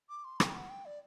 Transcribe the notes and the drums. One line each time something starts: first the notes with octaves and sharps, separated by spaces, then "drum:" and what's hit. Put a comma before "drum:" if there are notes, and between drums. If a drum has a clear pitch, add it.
D6
C6
G5, drum: rim click
F#5
G5
D5